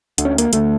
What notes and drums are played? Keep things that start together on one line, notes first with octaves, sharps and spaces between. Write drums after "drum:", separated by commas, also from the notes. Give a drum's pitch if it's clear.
D2 D3, drum: hi-hat
C#4
A#3, drum: hi-hat
D2 D3 A3, drum: hi-hat